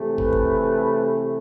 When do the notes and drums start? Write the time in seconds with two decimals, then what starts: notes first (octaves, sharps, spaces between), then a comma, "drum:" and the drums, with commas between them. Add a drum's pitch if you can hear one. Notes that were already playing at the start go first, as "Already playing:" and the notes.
Already playing: C3 E3 A3
0.18 B4, drum: kick
0.33 drum: kick